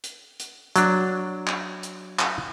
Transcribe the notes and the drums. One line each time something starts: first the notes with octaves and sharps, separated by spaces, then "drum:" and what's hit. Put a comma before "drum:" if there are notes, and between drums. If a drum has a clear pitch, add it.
drum: hi-hat
drum: hi-hat
F#3 D4, drum: hi-hat
drum: clap
drum: hi-hat
drum: clap